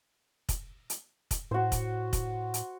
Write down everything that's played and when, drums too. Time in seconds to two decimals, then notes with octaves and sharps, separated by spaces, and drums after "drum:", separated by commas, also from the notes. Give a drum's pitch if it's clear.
0.49 drum: kick, hi-hat
0.90 drum: hi-hat
1.31 drum: kick, hi-hat
1.51 A2 F#4 C5
1.72 drum: kick, hi-hat
2.13 drum: kick, hi-hat
2.54 drum: hi-hat